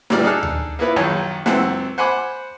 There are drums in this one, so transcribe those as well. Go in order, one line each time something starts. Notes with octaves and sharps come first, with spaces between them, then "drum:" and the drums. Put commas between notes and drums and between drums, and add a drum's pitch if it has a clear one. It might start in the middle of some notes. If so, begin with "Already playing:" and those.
D2 A#2 G3 D5 F6, drum: snare
D4 D#4 G#4 A4 F6 F#6
drum: tom D2
A#3 B3 E4 B4
A#1 F#2 D#3 C#5
C#2 F#2 C4 E5 F#5, drum: snare
C5 F#5 G#5 B5 C6 D6